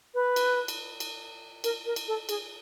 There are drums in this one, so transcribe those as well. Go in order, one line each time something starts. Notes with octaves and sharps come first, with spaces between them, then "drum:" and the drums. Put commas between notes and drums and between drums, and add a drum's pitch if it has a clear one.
B4
drum: cymbal
drum: cymbal
drum: cymbal
A#4, drum: cymbal
A#4
drum: cymbal
A4
G#4, drum: cymbal